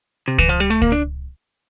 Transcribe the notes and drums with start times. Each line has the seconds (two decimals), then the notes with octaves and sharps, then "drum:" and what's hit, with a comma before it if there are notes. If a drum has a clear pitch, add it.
0.28 C3
0.38 E3, drum: kick C#2
0.49 F3
0.60 G3
0.70 A3
0.82 A#3, drum: kick C#2
0.92 D4